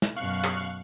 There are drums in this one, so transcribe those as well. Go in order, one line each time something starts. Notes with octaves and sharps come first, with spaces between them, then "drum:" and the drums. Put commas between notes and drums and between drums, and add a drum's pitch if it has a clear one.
drum: snare
F#2 B2 F5 C#6 F#6
drum: clap